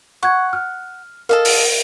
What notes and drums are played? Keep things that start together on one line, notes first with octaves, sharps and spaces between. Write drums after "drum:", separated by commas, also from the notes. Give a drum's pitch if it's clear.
F#5 C#6 G#6
F6
A4 A#4 D#5 F5
drum: open hi-hat